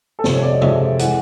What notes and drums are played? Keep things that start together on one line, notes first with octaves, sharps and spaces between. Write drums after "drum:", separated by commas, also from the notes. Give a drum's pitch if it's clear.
A4
F2 C3 F3 G#3 G#4, drum: snare
C#5
D5
D#5
F2 C3 F3 G#3 E5, drum: tom C#3
E3 G#3 F#5, drum: hi-hat